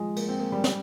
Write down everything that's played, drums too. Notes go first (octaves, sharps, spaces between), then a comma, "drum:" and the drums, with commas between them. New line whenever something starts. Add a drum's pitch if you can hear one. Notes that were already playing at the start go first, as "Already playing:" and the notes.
Already playing: F3 G#3
A#3, drum: cymbal
C4
A#3
G3
drum: snare